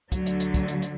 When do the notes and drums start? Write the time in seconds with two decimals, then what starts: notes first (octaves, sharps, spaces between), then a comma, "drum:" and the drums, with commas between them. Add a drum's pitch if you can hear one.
0.12 D2 D3 F#3, drum: kick, hi-hat
0.26 drum: hi-hat
0.40 drum: hi-hat
0.54 drum: kick, hi-hat
0.68 drum: hi-hat
0.82 drum: hi-hat